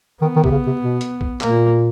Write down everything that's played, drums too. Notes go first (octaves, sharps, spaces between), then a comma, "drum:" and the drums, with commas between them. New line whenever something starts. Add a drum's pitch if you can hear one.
D#3 B3
D#3
C3, drum: kick A#1
C#3
C3
B2
drum: hi-hat
drum: kick A#1
A#2 A#3, drum: clap